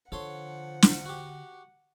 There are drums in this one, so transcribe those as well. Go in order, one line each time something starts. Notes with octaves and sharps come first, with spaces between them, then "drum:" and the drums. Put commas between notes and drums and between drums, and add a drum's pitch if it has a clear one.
D3 F3 A4 C#5 F#5 C6
drum: snare
F#4 G4